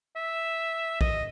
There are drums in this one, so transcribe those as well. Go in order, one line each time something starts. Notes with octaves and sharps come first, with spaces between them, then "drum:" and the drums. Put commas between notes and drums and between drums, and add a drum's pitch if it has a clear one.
E5
D#5, drum: kick A#1